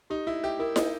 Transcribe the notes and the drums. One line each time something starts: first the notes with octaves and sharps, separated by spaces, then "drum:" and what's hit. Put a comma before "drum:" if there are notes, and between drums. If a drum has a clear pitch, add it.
D#4 G4
E4 E5
G4 E5
E4 A#4
D#4 D#5, drum: snare E4